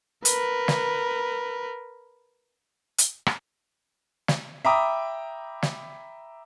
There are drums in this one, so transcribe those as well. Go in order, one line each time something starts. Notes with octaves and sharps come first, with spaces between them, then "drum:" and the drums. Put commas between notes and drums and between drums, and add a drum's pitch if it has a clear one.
A#4 B4, drum: hi-hat
drum: snare
drum: hi-hat
drum: rim click
drum: snare
E5 G5 A#5 B5 D6 D#6
drum: snare